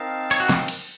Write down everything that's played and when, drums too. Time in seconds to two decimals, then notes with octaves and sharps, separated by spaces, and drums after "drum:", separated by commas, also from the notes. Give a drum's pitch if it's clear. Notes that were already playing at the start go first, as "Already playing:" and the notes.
Already playing: C4 D#4 A#4 F5 A5
0.31 C#5, drum: cymbal
0.40 F#4
0.49 drum: snare
0.68 drum: cymbal